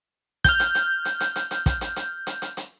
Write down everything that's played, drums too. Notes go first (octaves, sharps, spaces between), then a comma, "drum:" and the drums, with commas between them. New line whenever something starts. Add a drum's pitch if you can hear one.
F6 G6, drum: kick, hi-hat
drum: hi-hat
drum: hi-hat
drum: hi-hat
drum: hi-hat
drum: hi-hat
drum: hi-hat
drum: kick, hi-hat
drum: hi-hat
drum: hi-hat
drum: hi-hat
drum: hi-hat
drum: hi-hat